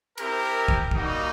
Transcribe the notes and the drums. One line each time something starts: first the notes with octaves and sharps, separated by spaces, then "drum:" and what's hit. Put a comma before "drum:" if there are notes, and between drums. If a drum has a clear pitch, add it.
C4 E4 G4 A#4, drum: cymbal
drum: kick
G3 A#3 D#4 F#4, drum: kick